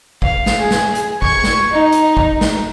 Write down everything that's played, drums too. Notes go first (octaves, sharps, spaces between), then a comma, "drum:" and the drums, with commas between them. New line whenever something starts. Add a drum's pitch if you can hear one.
F5, drum: kick
drum: snare
G#4
drum: snare
drum: hi-hat
C#6 G#6, drum: kick
drum: snare
D#4
drum: hi-hat
drum: kick
drum: snare